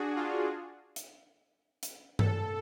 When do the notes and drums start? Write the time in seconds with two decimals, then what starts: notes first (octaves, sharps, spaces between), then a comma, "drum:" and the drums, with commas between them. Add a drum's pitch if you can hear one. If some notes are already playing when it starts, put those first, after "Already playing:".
Already playing: D4 F#4 G#4
0.16 F4
0.96 drum: hi-hat
1.83 drum: hi-hat
2.19 A4, drum: tom G2